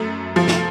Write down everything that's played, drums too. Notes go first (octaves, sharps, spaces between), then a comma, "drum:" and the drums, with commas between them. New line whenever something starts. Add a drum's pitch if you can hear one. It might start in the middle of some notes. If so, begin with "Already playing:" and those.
Already playing: F#2 A3
F3
drum: snare